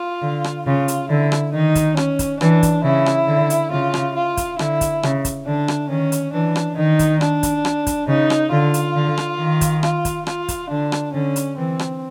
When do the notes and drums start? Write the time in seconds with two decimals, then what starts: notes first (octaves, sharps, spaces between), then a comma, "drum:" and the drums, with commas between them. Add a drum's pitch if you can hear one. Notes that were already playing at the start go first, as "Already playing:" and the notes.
Already playing: F4
0.22 D3
0.44 drum: rim click
0.66 C#3 F4
0.88 drum: hi-hat
1.10 D3 E4
1.32 drum: rim click
1.53 D#3 D#4
1.75 drum: kick, hi-hat
1.97 C#4, drum: rim click
2.19 drum: kick, hi-hat
2.41 E3 D4, drum: rim click
2.63 drum: kick, hi-hat
2.84 C#3 E4
3.06 drum: rim click
3.28 D3
3.50 drum: hi-hat
3.72 C#3 F4
3.94 drum: rim click
4.15 F4
4.37 drum: kick, hi-hat
4.59 D3 E4, drum: rim click
4.81 drum: kick, hi-hat
5.03 C#3, drum: rim click
5.25 drum: kick, hi-hat
5.47 D3 D4
5.68 drum: rim click
5.90 D#3 C#4
6.12 drum: hi-hat
6.33 E3 D4
6.56 drum: rim click
6.77 D#3 D#4
6.99 drum: kick, hi-hat
7.21 D4, drum: rim click
7.43 drum: kick, hi-hat
7.65 drum: rim click
7.87 drum: kick, hi-hat
8.08 C#3 D#4
8.30 drum: rim click
8.51 D3 F4
8.74 drum: hi-hat
8.96 D3
9.17 drum: rim click
9.39 D#3
9.61 drum: kick, hi-hat
9.83 F4, drum: rim click
10.05 drum: kick, hi-hat
10.27 F4, drum: rim click
10.48 drum: kick, hi-hat
10.70 D3 D4
10.92 drum: rim click
11.14 D3 C#4
11.36 drum: hi-hat
11.58 E3 C4
11.79 drum: rim click